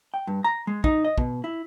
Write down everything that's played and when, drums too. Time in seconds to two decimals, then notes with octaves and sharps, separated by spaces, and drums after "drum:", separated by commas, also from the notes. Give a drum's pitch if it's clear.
0.14 G5
0.27 G2
0.44 A#5
0.67 G#3
0.84 D#4, drum: kick
1.05 D#5
1.18 B2, drum: kick
1.44 E4